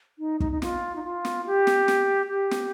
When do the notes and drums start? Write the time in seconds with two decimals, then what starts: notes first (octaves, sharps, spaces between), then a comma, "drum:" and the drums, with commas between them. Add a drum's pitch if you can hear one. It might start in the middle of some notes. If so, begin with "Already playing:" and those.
0.19 D#4
0.40 D#4, drum: kick
0.52 D#4
0.62 F4, drum: snare
0.96 D#4
1.03 F4
1.25 drum: snare
1.46 G4
1.67 drum: snare
1.88 drum: snare
2.30 G4
2.51 drum: snare